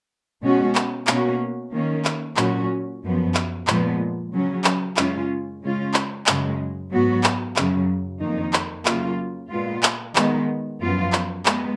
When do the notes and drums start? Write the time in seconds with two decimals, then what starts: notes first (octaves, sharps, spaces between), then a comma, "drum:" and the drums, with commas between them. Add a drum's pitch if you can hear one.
0.43 B2 G#3 C#4 F#4
0.75 drum: clap
1.07 B2 A#3 C#4 F#4, drum: clap
1.73 D#3 A#3 C#4
2.05 drum: clap
2.37 A#2 F#3 C#4 F#4, drum: clap
3.02 F#2 F3 B3
3.34 drum: clap
3.67 A#2 F3 G#3 B3, drum: clap
4.31 C#3 F#3 C#4
4.64 drum: clap
4.97 F#2 C#3 G#3 C#4 F4, drum: clap
5.62 C#3 G#3 C#4 F4
5.94 drum: clap
6.26 F#2 C#3 G#3, drum: clap
6.92 G#2 F#3 B3 F#4
7.24 drum: clap
7.56 F#2 C#3 F#3, drum: clap
8.21 F2 D#3 A#3 D#4
8.53 drum: clap
8.86 C#3 F#3 A#3 F4, drum: clap
9.50 A#2 G#3 B3 F4
9.83 drum: clap
10.16 D#3 G#3 B3, drum: clap
10.81 F#2 F3 B3 F4
11.13 drum: clap
11.46 G#3 B3, drum: clap